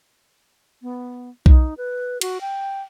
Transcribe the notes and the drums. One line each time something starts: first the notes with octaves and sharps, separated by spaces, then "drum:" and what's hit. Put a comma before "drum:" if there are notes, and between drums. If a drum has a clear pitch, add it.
B3
D#4, drum: kick B1
B4
F#4, drum: cymbal
G5